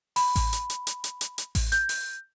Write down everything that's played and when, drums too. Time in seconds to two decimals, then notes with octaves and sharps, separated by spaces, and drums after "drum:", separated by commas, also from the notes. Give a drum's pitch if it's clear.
0.16 B5, drum: open hi-hat
0.36 drum: kick A1, open hi-hat
0.53 drum: hi-hat
0.70 drum: hi-hat
0.87 drum: hi-hat
1.04 drum: hi-hat
1.21 drum: hi-hat
1.38 drum: hi-hat
1.55 drum: kick A1, open hi-hat
1.72 G6, drum: hi-hat
1.89 drum: open hi-hat